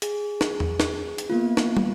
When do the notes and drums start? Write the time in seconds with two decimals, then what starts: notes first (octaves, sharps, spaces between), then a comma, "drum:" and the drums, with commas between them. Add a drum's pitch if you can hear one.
0.02 G#4, drum: hi-hat
0.41 drum: snare
0.60 drum: tom E2
0.80 drum: snare
1.18 drum: hi-hat
1.30 A#3 B3 F4
1.57 drum: snare
1.77 drum: tom